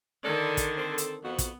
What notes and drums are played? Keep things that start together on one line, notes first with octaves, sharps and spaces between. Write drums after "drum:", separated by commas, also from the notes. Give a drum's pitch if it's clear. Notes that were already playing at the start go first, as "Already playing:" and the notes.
D3 D#3 A4 D5
drum: kick, hi-hat
C4 A4
drum: hi-hat
F2 B3 F#4
drum: kick, hi-hat